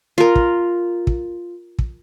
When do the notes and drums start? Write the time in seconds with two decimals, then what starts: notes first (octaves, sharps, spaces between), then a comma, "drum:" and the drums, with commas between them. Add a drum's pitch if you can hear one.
0.18 F4 A#4
0.36 drum: kick
1.07 drum: kick
1.79 drum: kick